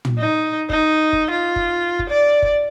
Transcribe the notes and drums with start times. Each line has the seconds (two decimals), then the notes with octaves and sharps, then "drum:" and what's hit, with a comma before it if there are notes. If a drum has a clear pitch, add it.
0.05 drum: tom
0.19 D#4
0.70 D#4, drum: kick
1.13 drum: kick
1.31 F4
1.56 drum: kick
1.99 drum: kick
2.10 D5
2.42 drum: kick